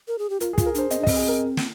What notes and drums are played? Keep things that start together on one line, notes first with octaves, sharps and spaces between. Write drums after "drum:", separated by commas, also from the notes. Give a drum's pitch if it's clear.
A#4
G#4
G4
F4 A#4, drum: hi-hat
G#4
F4, drum: kick, hi-hat
A#4
D4 C5, drum: hi-hat
C4 D#5, drum: hi-hat
D4
D#5
C4, drum: kick, open hi-hat
G#4
A#4
drum: snare